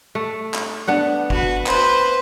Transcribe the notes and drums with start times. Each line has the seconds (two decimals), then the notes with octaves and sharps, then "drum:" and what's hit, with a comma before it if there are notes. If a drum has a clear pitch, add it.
0.15 A3
0.54 drum: clap
0.87 B3 D4 F#5
1.30 F#4 B4, drum: kick G1
1.67 B4 C5, drum: clap